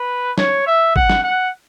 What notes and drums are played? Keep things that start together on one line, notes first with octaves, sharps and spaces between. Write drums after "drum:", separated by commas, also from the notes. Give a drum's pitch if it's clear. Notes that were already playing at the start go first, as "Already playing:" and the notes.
Already playing: B4
C#5, drum: snare
E5
F#5, drum: kick G#1
drum: snare
F#5